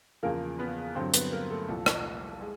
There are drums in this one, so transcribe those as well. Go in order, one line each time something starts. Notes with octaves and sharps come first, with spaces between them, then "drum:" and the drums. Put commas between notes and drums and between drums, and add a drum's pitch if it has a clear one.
E2 C#3 F3 A#3 A#4
B3 B4
G2 D3 F#3 C4 C5
B3 B4, drum: hi-hat
A#3 A#4
A3 A4
C2 A#2 F3
drum: rim click
G#3